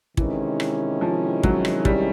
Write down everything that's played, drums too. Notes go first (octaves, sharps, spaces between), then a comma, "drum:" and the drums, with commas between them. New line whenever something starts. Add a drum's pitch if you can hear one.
C3 D#3 E3 G#3 C#4 E4, drum: kick
drum: rim click
F3
F#3, drum: kick
drum: rim click
G3, drum: kick